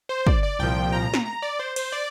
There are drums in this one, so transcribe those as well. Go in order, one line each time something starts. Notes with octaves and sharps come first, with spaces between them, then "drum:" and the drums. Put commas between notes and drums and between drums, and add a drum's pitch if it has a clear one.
C5
D5, drum: kick
D5
C2 A#2 F3 G5
A#5
drum: snare
A#5
D5
C5
C5, drum: cymbal
D5